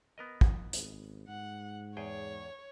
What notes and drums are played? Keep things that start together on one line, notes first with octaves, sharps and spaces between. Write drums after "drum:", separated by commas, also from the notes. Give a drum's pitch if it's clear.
B3 A#4 D#5
drum: kick
G#1, drum: hi-hat
G#2 F#5
E2 G#4 C#5 G5